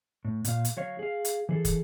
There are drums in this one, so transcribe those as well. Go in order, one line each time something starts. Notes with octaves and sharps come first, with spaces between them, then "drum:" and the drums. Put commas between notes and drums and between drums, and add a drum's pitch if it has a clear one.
A2
A#2 F5, drum: hi-hat
drum: hi-hat
F#3 C#5 F5
G#4 F5
drum: hi-hat
E3 G#4 A4
drum: kick, hi-hat